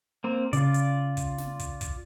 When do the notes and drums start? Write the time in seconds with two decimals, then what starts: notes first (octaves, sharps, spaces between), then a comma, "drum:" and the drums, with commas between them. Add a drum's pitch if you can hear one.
0.24 A#3 C4
0.53 C#3 F4 D5, drum: hi-hat
0.74 drum: hi-hat
1.17 drum: kick, hi-hat
1.38 drum: snare
1.59 drum: kick, hi-hat
1.81 drum: kick, hi-hat